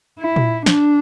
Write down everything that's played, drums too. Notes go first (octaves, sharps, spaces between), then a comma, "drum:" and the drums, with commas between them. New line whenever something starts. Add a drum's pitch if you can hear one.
E4
drum: tom A#2
D4, drum: snare